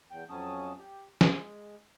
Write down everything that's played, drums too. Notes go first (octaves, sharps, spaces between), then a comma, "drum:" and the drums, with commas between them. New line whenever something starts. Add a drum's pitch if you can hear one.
E2 G5
F2 F#3 C#4 A5 D#6
G4
G#3, drum: snare